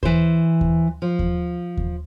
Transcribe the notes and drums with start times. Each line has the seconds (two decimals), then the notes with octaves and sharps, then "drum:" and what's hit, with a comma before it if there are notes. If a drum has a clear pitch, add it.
0.03 E3 C5, drum: kick D#2
0.61 drum: kick D#2
1.02 F3
1.19 drum: kick D#2
1.77 drum: kick D#2